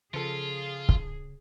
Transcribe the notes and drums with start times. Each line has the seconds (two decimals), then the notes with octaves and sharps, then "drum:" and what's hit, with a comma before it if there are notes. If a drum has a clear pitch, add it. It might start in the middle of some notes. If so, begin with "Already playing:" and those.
0.14 C#3 F3 F4 G#4 A4
0.89 drum: kick